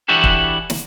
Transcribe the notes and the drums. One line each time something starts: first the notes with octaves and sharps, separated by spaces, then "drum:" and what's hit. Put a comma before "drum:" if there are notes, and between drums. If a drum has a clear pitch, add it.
E3 D4 E4 F#4 G4 A4
drum: kick
drum: snare